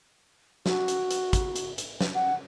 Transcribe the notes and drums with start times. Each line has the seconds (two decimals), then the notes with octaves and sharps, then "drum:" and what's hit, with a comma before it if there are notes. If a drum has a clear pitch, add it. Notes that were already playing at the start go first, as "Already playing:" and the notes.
0.66 F#4, drum: snare
0.88 drum: hi-hat
1.11 drum: hi-hat
1.33 drum: kick, hi-hat
1.56 drum: hi-hat
1.78 drum: hi-hat
2.01 drum: snare
2.15 F#5